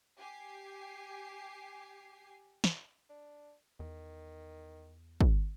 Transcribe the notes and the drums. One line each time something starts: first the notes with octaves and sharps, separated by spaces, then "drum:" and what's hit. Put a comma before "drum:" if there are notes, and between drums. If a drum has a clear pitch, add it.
G4 G#5 C7
drum: snare
D4
E2 D#3
drum: kick